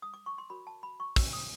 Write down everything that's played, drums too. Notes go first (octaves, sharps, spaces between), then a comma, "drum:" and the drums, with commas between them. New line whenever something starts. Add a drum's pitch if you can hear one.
D#6
D6
C#6
C6
F#4 A#4 C#5 B5
A5
B5
C#6
F#4 A#4 C#5 E6, drum: kick, open hi-hat
D#6